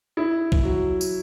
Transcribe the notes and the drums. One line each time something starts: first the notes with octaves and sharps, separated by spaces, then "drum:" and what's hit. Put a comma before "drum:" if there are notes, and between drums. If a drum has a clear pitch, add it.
E4
drum: kick A#1
F#3
drum: tambourine